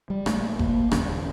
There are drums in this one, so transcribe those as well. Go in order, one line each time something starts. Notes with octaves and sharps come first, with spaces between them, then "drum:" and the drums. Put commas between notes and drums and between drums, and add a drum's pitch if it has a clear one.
G3
A#1 A#2 A3, drum: rim click
A#3, drum: kick F#1
E1 E2 D3 C#4, drum: rim click